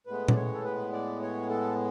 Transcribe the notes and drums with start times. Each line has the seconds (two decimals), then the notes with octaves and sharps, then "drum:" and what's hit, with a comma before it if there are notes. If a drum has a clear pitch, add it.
0.07 A2 G#3 B3 B4
0.28 D5, drum: tom A#2
0.35 C#5
0.54 A4
0.64 B4
0.93 D5
1.21 C#5
1.49 A4